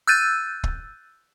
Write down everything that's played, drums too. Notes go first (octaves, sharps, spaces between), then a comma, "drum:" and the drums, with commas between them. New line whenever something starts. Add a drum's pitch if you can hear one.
E6 F#6 G6 A6 D#7
drum: kick